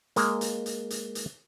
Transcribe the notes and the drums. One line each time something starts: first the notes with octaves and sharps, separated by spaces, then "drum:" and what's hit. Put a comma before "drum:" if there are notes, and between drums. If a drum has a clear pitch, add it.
G#3 A#3, drum: hi-hat
drum: hi-hat
drum: hi-hat
drum: hi-hat
drum: hi-hat